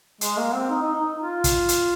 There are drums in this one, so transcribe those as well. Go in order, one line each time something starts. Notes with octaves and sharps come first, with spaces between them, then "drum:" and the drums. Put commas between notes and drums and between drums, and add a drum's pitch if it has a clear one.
G#3, drum: hi-hat
A#3
C4
D#4
D#4
D#4
F4
drum: kick, hi-hat
drum: hi-hat